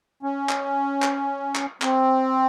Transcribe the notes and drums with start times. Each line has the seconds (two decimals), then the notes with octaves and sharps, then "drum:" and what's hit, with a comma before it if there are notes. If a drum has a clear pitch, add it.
0.23 C#4
0.49 drum: clap
1.02 drum: clap
1.55 drum: clap
1.82 C4, drum: clap